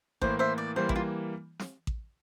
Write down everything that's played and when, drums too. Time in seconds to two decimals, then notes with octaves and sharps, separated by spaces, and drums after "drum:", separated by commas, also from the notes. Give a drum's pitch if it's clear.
0.22 A2 E3 A#3 E4 C5, drum: kick A1
0.39 C5 E5
0.58 D5
0.76 E3 G3 A#3 C5
0.89 E4, drum: kick A1
0.96 F4
1.60 drum: snare
1.87 drum: kick A1